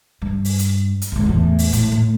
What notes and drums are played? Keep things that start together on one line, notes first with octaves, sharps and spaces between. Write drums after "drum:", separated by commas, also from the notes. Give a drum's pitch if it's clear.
G2
drum: open hi-hat
drum: hi-hat
drum: hi-hat
G#1 D2
E2 A2
drum: open hi-hat
A2, drum: hi-hat
A2